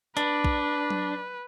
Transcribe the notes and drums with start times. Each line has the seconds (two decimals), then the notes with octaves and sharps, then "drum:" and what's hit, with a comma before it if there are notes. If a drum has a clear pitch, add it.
0.17 D4 B4, drum: hi-hat
0.44 drum: kick A#1
0.90 drum: tom F#3